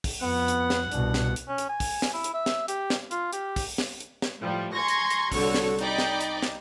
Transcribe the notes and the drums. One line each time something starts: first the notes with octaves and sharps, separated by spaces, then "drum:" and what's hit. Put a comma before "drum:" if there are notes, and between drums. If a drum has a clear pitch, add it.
drum: kick, open hi-hat
F2 B3 F#5
drum: hi-hat
drum: snare
C2 B2 D4, drum: hi-hat
drum: snare
drum: hi-hat
C#4
drum: hi-hat
G#5
drum: kick, open hi-hat
drum: snare
E4
drum: hi-hat
E5
drum: snare
G4, drum: hi-hat
drum: snare
F4, drum: hi-hat
G4, drum: hi-hat
drum: kick, open hi-hat
drum: snare
drum: hi-hat
drum: snare
A2 F3 G3
G#5 A#5 C6 C#6 G#6 A#6
drum: hi-hat
drum: hi-hat
C2 D3 F#4 A4 C#5 C#6, drum: kick, open hi-hat
drum: snare
D#4 D5 D#5 G5 B5 D6, drum: hi-hat
drum: snare
drum: hi-hat
drum: snare